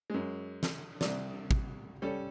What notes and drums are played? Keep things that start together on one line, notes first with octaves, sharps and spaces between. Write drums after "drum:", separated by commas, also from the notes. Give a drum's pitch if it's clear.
F#2 G#3
drum: snare
C2 C3 D5, drum: snare
drum: kick
G3 C#4 A4